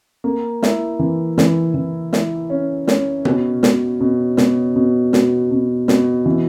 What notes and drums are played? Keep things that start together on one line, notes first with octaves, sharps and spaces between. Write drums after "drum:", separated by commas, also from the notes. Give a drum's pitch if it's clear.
A#3
E4, drum: snare
E3
E3, drum: snare
E3
E4, drum: snare
C#4
C#4, drum: snare
B2, drum: tom B2
B2, drum: snare
B2
B2, drum: snare
B2
B2, drum: snare
B2
B2, drum: snare
E3